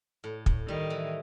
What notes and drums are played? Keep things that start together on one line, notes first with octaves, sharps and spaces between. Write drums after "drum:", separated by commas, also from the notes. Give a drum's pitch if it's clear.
A2
A2, drum: kick
D#3 G3
E3